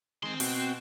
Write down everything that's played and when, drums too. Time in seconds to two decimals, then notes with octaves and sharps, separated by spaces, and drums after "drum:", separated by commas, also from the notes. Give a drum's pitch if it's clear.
0.23 D#3 G#3 C4 C6
0.40 B2 F#4 G5, drum: open hi-hat